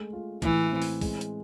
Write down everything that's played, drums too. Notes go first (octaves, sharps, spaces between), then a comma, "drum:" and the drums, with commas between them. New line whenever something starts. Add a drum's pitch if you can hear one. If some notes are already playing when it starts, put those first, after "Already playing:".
Already playing: G#3 A3
F4
A2 E3, drum: kick, hi-hat
C4
drum: open hi-hat
G#3, drum: kick, open hi-hat
drum: hi-hat